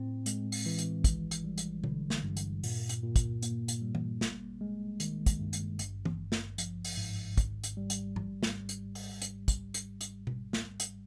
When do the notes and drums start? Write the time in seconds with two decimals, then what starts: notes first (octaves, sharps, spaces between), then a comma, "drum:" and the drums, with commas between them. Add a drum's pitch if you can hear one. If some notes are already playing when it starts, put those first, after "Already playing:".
Already playing: A2 C4
0.26 G#3, drum: hi-hat
0.52 drum: open hi-hat
0.66 E3
0.79 drum: hi-hat
1.04 G#1, drum: kick, hi-hat
1.31 drum: hi-hat
1.44 G3
1.58 drum: hi-hat
1.84 D3, drum: tom B2
2.10 drum: snare
2.23 G2
2.37 drum: hi-hat
2.63 A#2, drum: open hi-hat
2.89 drum: hi-hat
3.03 A#2
3.16 drum: kick, hi-hat
3.42 A#3, drum: hi-hat
3.68 drum: hi-hat
3.81 G3
3.95 drum: tom
4.21 G1, drum: snare
4.61 G#3
5.00 D#3, drum: hi-hat
5.26 drum: kick, hi-hat
5.40 G2
5.53 drum: hi-hat
5.79 G#1, drum: hi-hat
6.05 drum: tom
6.18 G#1
6.32 drum: snare
6.58 F3, drum: hi-hat
6.84 drum: open hi-hat
6.97 G#2
7.38 G#1, drum: kick, hi-hat
7.64 drum: hi-hat
7.77 G3
7.90 drum: hi-hat
8.16 drum: tom G#2
8.43 drum: snare
8.69 drum: hi-hat
8.95 drum: open hi-hat
9.22 drum: hi-hat
9.48 drum: kick, hi-hat
9.74 drum: hi-hat
10.01 drum: hi-hat
10.27 drum: tom B2
10.53 drum: snare
10.80 drum: hi-hat